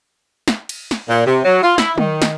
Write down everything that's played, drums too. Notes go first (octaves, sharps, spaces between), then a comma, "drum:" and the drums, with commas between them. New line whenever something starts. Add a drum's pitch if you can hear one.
drum: snare
drum: cymbal
drum: snare
A#2
C3
F#3
F4
E4, drum: snare
D#3, drum: tom
drum: snare